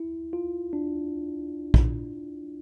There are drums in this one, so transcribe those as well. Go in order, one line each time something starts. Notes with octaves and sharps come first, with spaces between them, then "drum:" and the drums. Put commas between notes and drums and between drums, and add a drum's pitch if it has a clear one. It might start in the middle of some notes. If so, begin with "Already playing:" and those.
Already playing: E4
F4
D4
drum: kick